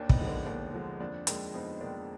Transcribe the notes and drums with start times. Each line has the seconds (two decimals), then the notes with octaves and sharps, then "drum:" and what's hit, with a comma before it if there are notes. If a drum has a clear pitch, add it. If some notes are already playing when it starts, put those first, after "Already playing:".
Already playing: D#2 A#3 D4
0.09 B3 D#4, drum: kick
0.19 D3 F3 G#3
0.27 A#3 D4
0.45 D#2 A#3 D4
0.73 D3 F3 G#3
1.00 F2 A#3 D4
1.27 D#3 G#3 A#3 D4, drum: hi-hat
1.54 F2 B3 D#4
1.81 D#3 G#3 A#3 D4